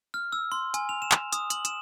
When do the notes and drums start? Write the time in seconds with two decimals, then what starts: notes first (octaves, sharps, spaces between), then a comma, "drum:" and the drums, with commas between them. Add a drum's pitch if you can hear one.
0.14 F6
0.32 E6
0.52 C6
0.74 G#5, drum: hi-hat
0.89 F7
1.02 E7
1.11 drum: clap
1.33 D#6, drum: hi-hat
1.50 F#7, drum: hi-hat
1.65 E7, drum: hi-hat